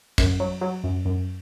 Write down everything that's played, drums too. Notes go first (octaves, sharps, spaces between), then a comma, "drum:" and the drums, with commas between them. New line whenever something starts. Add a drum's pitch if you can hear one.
F#2, drum: kick, cymbal
F#3
F#3
F#2
F#2